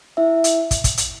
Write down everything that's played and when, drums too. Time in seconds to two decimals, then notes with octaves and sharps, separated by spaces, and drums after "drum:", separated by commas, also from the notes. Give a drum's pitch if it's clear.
0.17 E4 E5
0.44 drum: hi-hat
0.71 drum: kick, hi-hat
0.84 drum: kick, hi-hat
0.97 drum: hi-hat